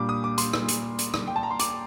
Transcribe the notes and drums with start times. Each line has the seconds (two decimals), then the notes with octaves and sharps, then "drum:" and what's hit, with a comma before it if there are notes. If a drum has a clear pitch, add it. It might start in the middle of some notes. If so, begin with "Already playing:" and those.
Already playing: A#2 G3 A#3 D4 D6
0.09 D#6
0.24 D6
0.38 C6, drum: hi-hat
0.53 drum: rim click
0.69 drum: hi-hat
0.99 drum: hi-hat
1.14 drum: rim click
1.28 G5
1.36 A5
1.43 A#5
1.51 C6
1.60 D6, drum: hi-hat